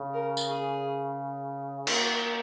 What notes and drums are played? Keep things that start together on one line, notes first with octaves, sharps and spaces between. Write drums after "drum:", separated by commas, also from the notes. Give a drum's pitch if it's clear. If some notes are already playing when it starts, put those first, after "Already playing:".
Already playing: C#3
A#4
drum: tambourine
G#4
A#3 F#4, drum: cymbal